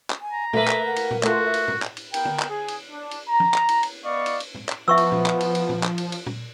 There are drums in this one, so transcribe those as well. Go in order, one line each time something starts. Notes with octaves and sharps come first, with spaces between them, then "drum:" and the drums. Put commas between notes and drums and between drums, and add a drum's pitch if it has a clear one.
drum: clap
G#5
A#5
A3 A#3 B4 E5, drum: tom A#2
drum: clap
F#5
drum: cymbal
drum: tom A#2
A3 F4 F#4 F#5, drum: clap
E5
drum: cymbal
drum: tom
drum: clap
drum: cymbal
B3 A#4 G5, drum: cymbal
drum: tom
drum: clap
G#4
drum: cymbal
D4
drum: cymbal
A#5
drum: tom F3
drum: clap
drum: cymbal
drum: cymbal
B3 D5 D#5 F5 C#6
drum: cymbal
drum: cymbal
drum: tom
drum: clap
F3 B3 E5 C#6 E6
drum: cymbal
drum: tom A#2
drum: clap
drum: cymbal
drum: cymbal
drum: tom A#2
drum: clap
drum: cymbal
drum: cymbal
drum: tom A#2